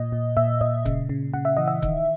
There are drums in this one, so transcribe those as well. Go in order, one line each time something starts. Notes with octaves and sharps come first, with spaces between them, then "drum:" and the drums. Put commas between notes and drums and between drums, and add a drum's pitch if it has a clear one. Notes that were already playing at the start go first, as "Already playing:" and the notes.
Already playing: A#2 D#5
A#2
A#2 E5
A#2 D#5
C#3, drum: kick C#1
C#3
C#3 F#5
E5
E3 D#5
E5
D#3, drum: kick C#1